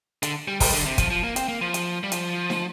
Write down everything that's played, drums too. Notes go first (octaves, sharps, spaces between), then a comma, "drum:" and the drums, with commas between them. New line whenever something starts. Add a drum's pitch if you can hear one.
D3, drum: hi-hat
G3
G3, drum: kick, open hi-hat
D3
C3
F3, drum: kick, hi-hat
F3
A#3
C4, drum: hi-hat
A#3
F3
drum: hi-hat
G3
F3, drum: hi-hat
drum: snare